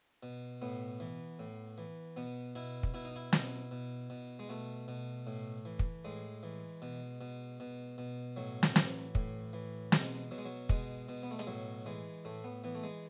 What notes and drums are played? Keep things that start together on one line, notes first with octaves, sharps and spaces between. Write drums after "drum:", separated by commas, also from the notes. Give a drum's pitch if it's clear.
B2
A2 B3
E3
A2
E3
B2 B3
B2 E4
drum: kick
B2 E4
D#4
E4
B2, drum: snare
B2
B2
G#3
B2 A3
B2
A2
E3
drum: kick
A2 G#3
E3
B2
B2
B2
B2
A2 F#3
drum: snare
E3, drum: snare
A2, drum: kick
E3
B2 G#3, drum: snare
B2 F#3
G#3
F#3
B2 G#3, drum: kick
B2
B3
A3
G#3, drum: hi-hat
A2 F#3
E3 G#3
A2 A3
B3
E3 B3
A3
G#3